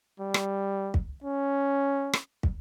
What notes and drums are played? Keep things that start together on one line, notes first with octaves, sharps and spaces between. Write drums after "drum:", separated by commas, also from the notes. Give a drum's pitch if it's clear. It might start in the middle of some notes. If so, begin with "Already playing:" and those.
G3
drum: rim click
drum: kick
C#4
drum: rim click
drum: kick